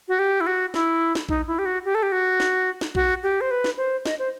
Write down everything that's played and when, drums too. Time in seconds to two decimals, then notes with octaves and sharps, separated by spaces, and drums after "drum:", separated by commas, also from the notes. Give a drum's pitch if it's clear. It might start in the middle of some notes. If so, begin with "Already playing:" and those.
0.08 F#4
0.19 G4
0.41 E4
0.47 F#4
0.74 E4, drum: snare
1.15 drum: snare
1.29 D#4, drum: kick A#1
1.48 E4
1.59 G4
1.66 F#4
1.85 G4
1.95 A4
2.03 G4
2.12 F#4
2.40 drum: snare
2.81 drum: snare
2.95 F#4, drum: kick A#1
3.23 G4
3.41 C5
3.51 B4
3.64 drum: snare
3.78 C5
4.06 D#5, drum: snare
4.19 C5